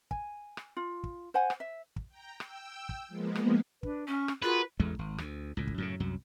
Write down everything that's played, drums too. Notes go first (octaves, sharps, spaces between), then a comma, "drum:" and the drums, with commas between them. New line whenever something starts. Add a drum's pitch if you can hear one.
G#5, drum: kick
drum: rim click
F4
drum: kick
C5 F#5 G#5
drum: rim click
E5
drum: kick
G5 A#5
G5 E6, drum: rim click
drum: kick
F3 G#3 A#3 B3
drum: rim click
D4 B4, drum: kick
C#4 C#6
drum: rim click
F4 F#4 G#4 A#4 B4
A1 E2 G#3 A3
G#1
D2, drum: rim click
C#2 A2
drum: kick
F#2 A2 C#3
C2 F#2 F#3